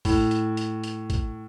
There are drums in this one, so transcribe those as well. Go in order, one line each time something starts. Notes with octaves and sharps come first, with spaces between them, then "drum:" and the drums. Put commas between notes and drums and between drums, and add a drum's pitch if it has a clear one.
A2, drum: kick A1, open hi-hat
drum: hi-hat
drum: hi-hat
drum: hi-hat
drum: kick A1, hi-hat